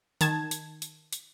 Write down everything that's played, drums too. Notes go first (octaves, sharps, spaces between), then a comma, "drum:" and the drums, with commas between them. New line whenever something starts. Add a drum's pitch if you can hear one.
D#3 A5 G#6, drum: hi-hat
drum: hi-hat
drum: hi-hat
drum: hi-hat